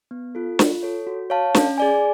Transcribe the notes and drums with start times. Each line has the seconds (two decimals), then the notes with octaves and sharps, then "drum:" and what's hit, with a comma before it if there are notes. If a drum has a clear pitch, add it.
0.11 B3
0.35 F4 A4
0.59 F4, drum: snare
0.83 A4 C#5
1.07 F#4
1.30 C#5 F5 A5
1.55 C#4, drum: snare
1.78 G#4 D5 G#5